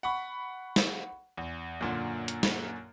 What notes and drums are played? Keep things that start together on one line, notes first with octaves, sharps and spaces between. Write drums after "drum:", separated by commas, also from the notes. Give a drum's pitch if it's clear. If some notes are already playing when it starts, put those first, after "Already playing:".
F#5 B5 C#6
drum: snare
E2
F#2 A#2 D3
drum: hi-hat
drum: snare